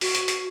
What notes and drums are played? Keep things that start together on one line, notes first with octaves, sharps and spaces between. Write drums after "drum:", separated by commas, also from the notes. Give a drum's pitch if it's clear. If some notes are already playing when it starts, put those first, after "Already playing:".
F#4, drum: open hi-hat
drum: hi-hat
drum: hi-hat